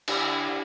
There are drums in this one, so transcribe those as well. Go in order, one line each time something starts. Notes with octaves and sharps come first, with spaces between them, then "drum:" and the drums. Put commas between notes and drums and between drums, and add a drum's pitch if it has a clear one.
D3 G3 E4 G4, drum: cymbal
D3